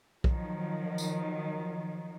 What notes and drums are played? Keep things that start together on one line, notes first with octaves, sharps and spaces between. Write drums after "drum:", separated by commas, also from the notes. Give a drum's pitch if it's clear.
D#3 F3 F#3, drum: kick B1
drum: tambourine